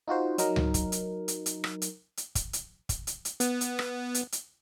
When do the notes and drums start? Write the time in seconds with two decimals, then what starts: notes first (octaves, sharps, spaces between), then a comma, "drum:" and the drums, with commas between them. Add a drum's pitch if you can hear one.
0.08 D#4 F4 F#4 C5
0.38 F#3 D#4 A#4, drum: hi-hat
0.56 drum: tom C#2
0.74 drum: kick, hi-hat
0.92 drum: hi-hat
1.28 drum: hi-hat
1.46 drum: hi-hat
1.64 drum: rim click
1.82 drum: hi-hat
2.17 drum: hi-hat
2.35 drum: kick, hi-hat
2.53 drum: hi-hat
2.89 drum: kick, hi-hat
3.07 drum: hi-hat
3.25 drum: hi-hat
3.40 B3, drum: hi-hat
3.61 drum: hi-hat
3.79 drum: rim click
4.15 drum: hi-hat
4.32 drum: hi-hat